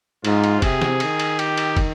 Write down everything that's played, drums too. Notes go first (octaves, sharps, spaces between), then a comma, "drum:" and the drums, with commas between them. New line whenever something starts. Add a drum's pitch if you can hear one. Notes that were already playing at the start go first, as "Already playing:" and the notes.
G#2 F4, drum: cymbal
drum: cymbal
C3 G#4, drum: kick, cymbal
drum: snare
D#3, drum: cymbal
drum: cymbal
G4, drum: cymbal
drum: cymbal
drum: kick, cymbal